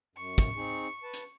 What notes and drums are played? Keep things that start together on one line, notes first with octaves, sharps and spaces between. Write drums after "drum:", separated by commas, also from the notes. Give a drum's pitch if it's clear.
F#2 C#6
drum: kick, hi-hat
C4 D#4 G#4
B4 A5
drum: hi-hat